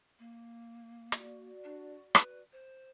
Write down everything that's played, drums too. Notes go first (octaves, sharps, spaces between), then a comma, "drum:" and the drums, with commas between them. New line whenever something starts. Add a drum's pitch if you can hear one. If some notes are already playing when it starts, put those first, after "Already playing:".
A#3
F#4 D5, drum: hi-hat
D4
B4, drum: rim click
C5